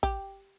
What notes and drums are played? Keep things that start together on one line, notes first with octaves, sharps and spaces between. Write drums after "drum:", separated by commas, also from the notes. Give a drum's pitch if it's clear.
G4, drum: kick